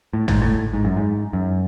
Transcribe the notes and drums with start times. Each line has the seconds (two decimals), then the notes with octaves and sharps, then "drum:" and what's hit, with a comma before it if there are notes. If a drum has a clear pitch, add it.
0.13 A2
0.28 G#2, drum: tom G#1
0.42 A2
0.73 G#2
0.85 F#2
0.96 G#2
1.33 F#2